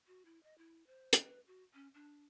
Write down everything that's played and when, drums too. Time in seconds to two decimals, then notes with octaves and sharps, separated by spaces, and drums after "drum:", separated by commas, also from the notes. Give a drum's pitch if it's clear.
0.07 F#4
0.25 E4
0.43 D#5
0.58 E4
0.87 C5
1.13 drum: hi-hat
1.23 B4
1.47 F#4
1.74 C#4
1.94 D4